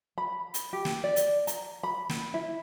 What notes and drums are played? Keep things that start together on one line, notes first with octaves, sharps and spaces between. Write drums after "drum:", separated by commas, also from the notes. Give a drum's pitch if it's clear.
B5
drum: hi-hat
G4
drum: snare
D5
drum: hi-hat
A#5, drum: hi-hat
B5
drum: snare
E4